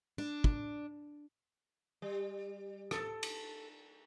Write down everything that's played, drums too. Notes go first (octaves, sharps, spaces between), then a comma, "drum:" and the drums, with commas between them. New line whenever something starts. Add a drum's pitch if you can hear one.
D4
drum: kick
G3
A4, drum: rim click
drum: cymbal